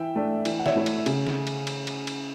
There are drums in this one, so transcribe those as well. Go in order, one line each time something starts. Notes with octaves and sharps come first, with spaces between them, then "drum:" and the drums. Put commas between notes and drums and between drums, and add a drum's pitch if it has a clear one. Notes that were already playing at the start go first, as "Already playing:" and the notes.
Already playing: E3 E5 G5
A3 D4
E3, drum: cymbal
F#5
C#5 E5, drum: snare
A3 E4
drum: cymbal
C#3, drum: cymbal
drum: snare
drum: cymbal
drum: cymbal
drum: cymbal
drum: cymbal